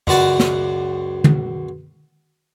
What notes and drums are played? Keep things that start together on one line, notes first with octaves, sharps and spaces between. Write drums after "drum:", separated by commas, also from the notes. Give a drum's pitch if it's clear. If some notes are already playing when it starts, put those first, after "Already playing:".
C#2 F#2 F#4 D5 F#5, drum: tom
drum: snare
drum: tom